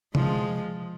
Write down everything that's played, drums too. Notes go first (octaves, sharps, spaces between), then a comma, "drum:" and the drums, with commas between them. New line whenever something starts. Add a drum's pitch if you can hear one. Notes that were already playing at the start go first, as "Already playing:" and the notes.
F3 G#3, drum: tom C3